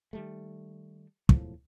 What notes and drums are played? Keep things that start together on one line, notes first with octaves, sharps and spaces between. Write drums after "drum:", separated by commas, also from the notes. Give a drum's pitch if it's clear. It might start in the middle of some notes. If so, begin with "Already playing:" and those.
D#3 G3 A3
E1 E2 A2 F3, drum: kick